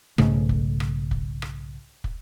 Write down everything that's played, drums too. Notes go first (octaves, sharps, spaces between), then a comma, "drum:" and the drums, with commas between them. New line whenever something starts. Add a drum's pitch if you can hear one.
B1 G#2 C#3 A3, drum: rim click
drum: kick
drum: rim click
drum: kick
drum: rim click
drum: kick